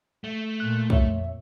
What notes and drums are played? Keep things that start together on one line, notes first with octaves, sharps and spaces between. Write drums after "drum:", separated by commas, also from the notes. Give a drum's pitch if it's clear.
A3
A#2 F#6
F2 C#5 E5, drum: kick